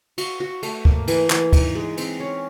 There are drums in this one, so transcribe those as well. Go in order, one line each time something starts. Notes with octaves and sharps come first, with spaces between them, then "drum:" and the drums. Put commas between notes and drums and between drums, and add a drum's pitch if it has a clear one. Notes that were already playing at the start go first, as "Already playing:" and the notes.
F#4, drum: cymbal
F#4
A3, drum: cymbal
A#3, drum: kick
E3, drum: cymbal
E3, drum: clap
D#4, drum: kick, cymbal
G#3
C4, drum: cymbal
C#4